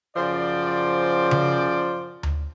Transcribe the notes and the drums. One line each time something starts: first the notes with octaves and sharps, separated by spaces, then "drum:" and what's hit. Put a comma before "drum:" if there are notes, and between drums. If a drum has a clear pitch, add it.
F#2 C#3 F3 C5 D5
drum: tom C#3
drum: tom D2